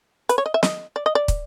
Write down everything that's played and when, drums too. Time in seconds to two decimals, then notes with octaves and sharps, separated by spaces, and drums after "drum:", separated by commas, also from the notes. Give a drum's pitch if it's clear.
0.29 B4, drum: hi-hat
0.38 C#5
0.46 D#5
0.54 E5
0.63 D#5, drum: snare
0.96 D5
1.06 D#5
1.15 D5
1.28 drum: kick, hi-hat